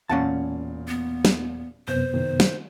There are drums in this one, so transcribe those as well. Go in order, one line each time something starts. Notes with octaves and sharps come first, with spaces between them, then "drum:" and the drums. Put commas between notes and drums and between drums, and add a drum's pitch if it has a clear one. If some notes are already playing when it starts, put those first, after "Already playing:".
E1 A#2 C#4 F5 F#5 A5
B3
drum: snare
F#2 C3 B3 C5 G6
D#3
drum: snare